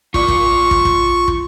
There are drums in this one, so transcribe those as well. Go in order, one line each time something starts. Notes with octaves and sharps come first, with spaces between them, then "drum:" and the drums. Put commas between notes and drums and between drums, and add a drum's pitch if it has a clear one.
F4 D5 C#6, drum: kick
drum: kick
drum: kick
drum: kick
drum: kick